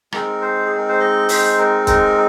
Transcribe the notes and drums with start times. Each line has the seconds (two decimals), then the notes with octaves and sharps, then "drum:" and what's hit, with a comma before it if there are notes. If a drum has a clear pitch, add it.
0.12 G#3 C4 D#4 A#4, drum: rim click
0.42 C5
0.66 G#4
0.78 A#4
0.88 C5
1.00 D#5
1.29 C5, drum: open hi-hat
1.58 A#4
1.87 A#4, drum: kick, hi-hat